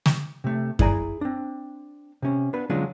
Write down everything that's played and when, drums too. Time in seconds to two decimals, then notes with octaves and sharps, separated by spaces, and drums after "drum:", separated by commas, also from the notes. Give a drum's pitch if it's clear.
0.06 drum: snare
0.44 C3 A3
0.79 E4 G#4 D5 G#5 A#5, drum: kick F#2
1.21 C4 D4
2.22 C3 C#4
2.53 B3 D4 B4
2.70 D3 F#3 G#3 C#4 D4 F4